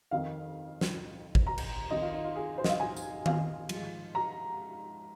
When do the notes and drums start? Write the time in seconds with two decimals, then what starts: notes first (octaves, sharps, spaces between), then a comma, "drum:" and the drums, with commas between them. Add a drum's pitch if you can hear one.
0.11 F2 D#3 F5
0.81 drum: snare
1.35 drum: kick G#1
1.47 A#5
1.58 drum: cymbal
1.91 F2 D#3 D#5
2.02 F4
2.14 D#4
2.24 F4
2.36 G#4
2.58 C5
2.64 D#5, drum: snare
2.69 F5
2.80 G#5
2.96 drum: tambourine
3.26 F5, drum: tom D#3
3.69 G#2 F3, drum: cymbal
4.15 A#5